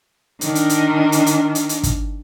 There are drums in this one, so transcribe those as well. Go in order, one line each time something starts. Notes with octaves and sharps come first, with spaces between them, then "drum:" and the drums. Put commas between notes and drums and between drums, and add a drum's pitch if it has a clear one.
D#3 D4, drum: hi-hat
drum: hi-hat
drum: hi-hat
drum: hi-hat
drum: hi-hat
drum: hi-hat
drum: hi-hat
drum: kick, hi-hat